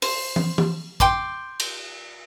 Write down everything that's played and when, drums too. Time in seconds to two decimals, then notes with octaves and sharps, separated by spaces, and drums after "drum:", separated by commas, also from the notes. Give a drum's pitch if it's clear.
0.02 C5, drum: open hi-hat
0.36 drum: tom
0.58 drum: tom E3
1.00 G5 C6 D6, drum: kick A1
1.60 drum: cymbal